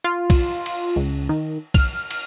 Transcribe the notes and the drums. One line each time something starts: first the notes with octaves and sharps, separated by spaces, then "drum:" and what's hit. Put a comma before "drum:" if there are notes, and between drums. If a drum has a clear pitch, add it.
F4
drum: kick B1, cymbal
drum: cymbal
C#2
D#3
F6, drum: kick B1, cymbal
drum: cymbal